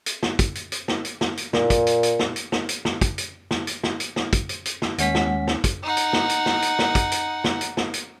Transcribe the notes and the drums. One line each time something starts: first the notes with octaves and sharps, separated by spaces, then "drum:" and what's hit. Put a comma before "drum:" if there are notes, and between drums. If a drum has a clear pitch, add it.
drum: hi-hat
drum: snare
drum: kick, hi-hat
drum: hi-hat
drum: hi-hat
drum: snare
drum: hi-hat
drum: snare
drum: hi-hat
A#2, drum: snare
drum: kick, hi-hat
drum: hi-hat
drum: hi-hat
drum: snare
drum: hi-hat
drum: snare
drum: hi-hat
drum: snare
drum: kick, hi-hat
drum: hi-hat
drum: snare
drum: hi-hat
drum: snare
drum: hi-hat
drum: snare
drum: kick, hi-hat
drum: hi-hat
drum: hi-hat
drum: snare
D#2 G#3 C#4 F#5 B6, drum: hi-hat
drum: snare
drum: snare
drum: kick, hi-hat
D#4 F#5
drum: hi-hat
drum: snare
drum: hi-hat
drum: snare
drum: hi-hat
drum: snare
drum: kick, hi-hat
drum: hi-hat
drum: snare
drum: hi-hat
drum: snare
drum: hi-hat